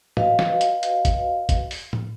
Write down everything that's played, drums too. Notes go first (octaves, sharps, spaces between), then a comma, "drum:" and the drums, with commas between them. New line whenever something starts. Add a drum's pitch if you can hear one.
F#4 B4 D#5 F5, drum: tom G#2
drum: snare
drum: hi-hat
drum: hi-hat
drum: kick G1, hi-hat
drum: kick G1, hi-hat
drum: open hi-hat
drum: tom A2